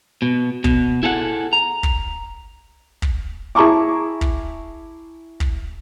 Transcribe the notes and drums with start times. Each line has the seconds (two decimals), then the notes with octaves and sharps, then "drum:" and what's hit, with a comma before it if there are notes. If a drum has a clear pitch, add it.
0.22 B2
0.64 B2, drum: kick
1.03 E4 G#4 A4 E5 F#5
1.53 A#5
1.83 drum: kick
3.02 drum: kick
3.55 E4 G#4 A5 A#5 C#6 D6
4.21 drum: kick
5.40 drum: kick